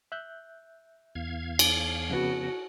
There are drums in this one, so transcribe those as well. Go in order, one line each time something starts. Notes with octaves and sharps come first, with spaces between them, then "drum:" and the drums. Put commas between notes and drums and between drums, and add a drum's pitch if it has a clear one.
E5 F#6 G6
E2 F5 G#6
drum: cymbal
F2 C#3 B3 F#4